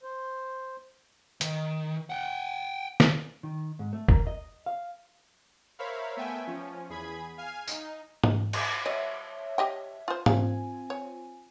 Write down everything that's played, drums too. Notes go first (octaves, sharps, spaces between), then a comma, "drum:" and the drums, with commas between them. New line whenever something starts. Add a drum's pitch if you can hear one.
C5
D#3, drum: hi-hat
F#5 G5
drum: snare
D#3
G#2
A3
A#4, drum: kick F#1
D#5
F5
A#4 C5 C#5 E5 F5 B5
A3 B3 E5 G5 G#5
F3 C#4
E2 G#4 B5 G#6
F5 G#5 F6 G#6 C7
D#4, drum: tambourine
drum: tom G#2
drum: cymbal
G3 C#5 D#5 E5
G4 D#5 G5
F4 C5
C4 F4 F5 G#5, drum: tom G#2
C#5